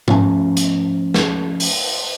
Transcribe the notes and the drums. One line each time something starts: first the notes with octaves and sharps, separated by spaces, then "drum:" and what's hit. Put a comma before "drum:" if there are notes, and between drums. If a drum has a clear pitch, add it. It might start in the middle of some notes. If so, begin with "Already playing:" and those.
F3 A3 C#4, drum: tom G#2
drum: hi-hat
drum: snare
drum: open hi-hat